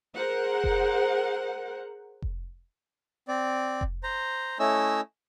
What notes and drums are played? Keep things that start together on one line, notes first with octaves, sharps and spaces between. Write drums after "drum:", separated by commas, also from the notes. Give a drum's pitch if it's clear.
G#4 A#4 C5 F#5
drum: kick F1
drum: kick F1
C4 D5
drum: kick F1
C5 A#5
A3 C#4 E4 C#5 D#5 E6